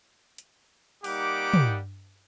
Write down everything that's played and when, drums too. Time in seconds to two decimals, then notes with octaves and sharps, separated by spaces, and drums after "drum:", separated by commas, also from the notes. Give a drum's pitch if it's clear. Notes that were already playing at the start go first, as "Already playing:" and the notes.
0.38 drum: hi-hat
1.04 G3 A#3 D#4 G4 F#5 D6, drum: open hi-hat
1.54 drum: tom